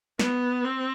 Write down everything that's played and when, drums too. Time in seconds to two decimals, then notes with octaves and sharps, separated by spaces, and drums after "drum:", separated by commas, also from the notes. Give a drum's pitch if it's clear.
0.19 B3, drum: snare
0.64 C4